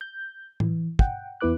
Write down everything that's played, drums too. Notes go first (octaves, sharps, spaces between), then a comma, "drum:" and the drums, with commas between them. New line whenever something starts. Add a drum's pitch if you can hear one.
G6
E3, drum: tom A2
F#5 G5, drum: kick
E2 B3 E4 B4 D6 F#6